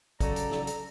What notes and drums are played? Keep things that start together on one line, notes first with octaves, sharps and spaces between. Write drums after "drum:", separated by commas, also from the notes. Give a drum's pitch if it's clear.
C#3 F#3 A4 D5 A#5, drum: kick, hi-hat
drum: hi-hat
drum: snare
drum: hi-hat